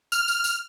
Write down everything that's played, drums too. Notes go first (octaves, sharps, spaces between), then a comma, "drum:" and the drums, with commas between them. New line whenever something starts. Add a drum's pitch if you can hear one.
F6, drum: tambourine
drum: tambourine
drum: tambourine